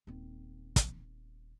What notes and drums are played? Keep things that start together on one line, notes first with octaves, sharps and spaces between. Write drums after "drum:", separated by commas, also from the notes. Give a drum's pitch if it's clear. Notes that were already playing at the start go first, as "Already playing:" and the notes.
D#1 C4
drum: kick, hi-hat